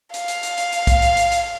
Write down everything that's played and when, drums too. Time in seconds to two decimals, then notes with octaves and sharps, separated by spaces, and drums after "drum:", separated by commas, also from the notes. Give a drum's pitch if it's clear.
0.14 F5, drum: hi-hat
0.28 drum: hi-hat
0.43 drum: hi-hat
0.58 drum: hi-hat
0.72 drum: hi-hat
0.87 drum: kick, hi-hat
1.02 drum: hi-hat
1.17 drum: hi-hat
1.32 drum: hi-hat